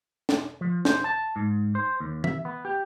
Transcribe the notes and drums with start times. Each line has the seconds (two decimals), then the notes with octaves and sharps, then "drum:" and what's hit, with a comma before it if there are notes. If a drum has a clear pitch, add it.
0.29 drum: snare
0.61 F3
0.85 C5, drum: snare
1.04 A5
1.36 G#2
1.75 C5
2.00 D#2
2.24 E5, drum: tom E3
2.45 B3
2.65 G4